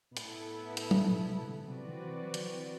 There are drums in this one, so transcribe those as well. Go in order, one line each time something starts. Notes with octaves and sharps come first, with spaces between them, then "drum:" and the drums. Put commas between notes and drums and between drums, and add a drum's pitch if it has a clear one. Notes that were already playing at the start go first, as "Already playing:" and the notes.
B2
A2 B3 E4 A4, drum: hi-hat
drum: hi-hat
A2, drum: tom F#3
B2
C3
D3
C3 C4 F#4 B4 D5
E3
E3
F#3
D3, drum: hi-hat
E3